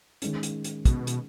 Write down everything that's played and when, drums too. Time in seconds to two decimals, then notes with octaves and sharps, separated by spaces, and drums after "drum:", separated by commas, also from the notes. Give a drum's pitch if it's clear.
0.22 D#3 G#3 C#4, drum: hi-hat
0.43 drum: hi-hat
0.64 drum: hi-hat
0.85 B2, drum: kick, hi-hat
1.07 drum: hi-hat